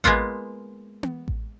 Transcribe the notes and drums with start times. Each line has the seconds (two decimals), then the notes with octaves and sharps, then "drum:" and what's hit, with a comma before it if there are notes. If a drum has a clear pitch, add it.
0.04 G#3 A#3 B3 F4 F#5, drum: kick A1
1.03 drum: tom B3
1.28 drum: kick A1